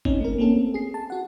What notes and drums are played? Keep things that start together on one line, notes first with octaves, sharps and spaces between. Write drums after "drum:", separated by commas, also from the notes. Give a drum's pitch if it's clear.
C4 C#4 D#4, drum: kick
A3 A#4
A#3 C4 C#4 A4
G#4 C7
A5
F#4 F#5